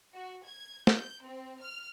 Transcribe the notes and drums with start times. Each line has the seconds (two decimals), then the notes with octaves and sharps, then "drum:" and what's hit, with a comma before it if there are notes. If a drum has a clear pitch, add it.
0.13 F#4
0.44 G#6
0.87 G6, drum: snare
1.23 C4
1.61 F6